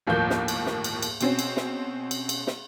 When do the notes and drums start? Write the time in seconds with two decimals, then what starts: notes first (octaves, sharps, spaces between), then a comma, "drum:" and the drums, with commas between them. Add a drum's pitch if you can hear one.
0.07 G1 D#2 A2 F3 A#3 G6
0.30 drum: snare
0.48 drum: cymbal
0.66 drum: snare
0.84 drum: cymbal
1.02 drum: cymbal
1.21 B2 C4 C#4, drum: cymbal
1.39 drum: cymbal
1.57 drum: snare
2.11 drum: cymbal
2.29 drum: cymbal
2.47 drum: snare